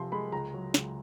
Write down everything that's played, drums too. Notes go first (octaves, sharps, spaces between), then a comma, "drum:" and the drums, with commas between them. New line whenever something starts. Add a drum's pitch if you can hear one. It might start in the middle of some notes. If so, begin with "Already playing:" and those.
Already playing: C3 F3 C6
G#3 B5
C#2 A#5
F#3
C#2, drum: snare